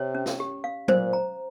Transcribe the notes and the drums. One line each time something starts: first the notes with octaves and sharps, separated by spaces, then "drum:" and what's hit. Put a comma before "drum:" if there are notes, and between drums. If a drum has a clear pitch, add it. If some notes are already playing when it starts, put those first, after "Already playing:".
Already playing: C3 C#5
C#4
drum: snare
G4
F5
A#2 C5, drum: tom F#3
A#5